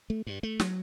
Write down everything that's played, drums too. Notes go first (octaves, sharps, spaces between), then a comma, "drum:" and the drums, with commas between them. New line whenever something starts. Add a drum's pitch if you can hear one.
A3
G2
A3
F#3, drum: snare